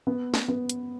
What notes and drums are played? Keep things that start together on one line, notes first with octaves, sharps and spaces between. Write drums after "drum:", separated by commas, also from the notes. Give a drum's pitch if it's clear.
B3
drum: snare
B3
drum: hi-hat